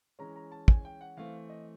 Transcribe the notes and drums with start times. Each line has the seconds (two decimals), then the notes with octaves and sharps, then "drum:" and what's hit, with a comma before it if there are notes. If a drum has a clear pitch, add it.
0.19 E3 G#3 C#4 A#5
0.36 A#5
0.52 A5
0.68 G#5, drum: kick
0.85 G5
1.01 F#5
1.17 E3 A3 C4 F5
1.50 D#5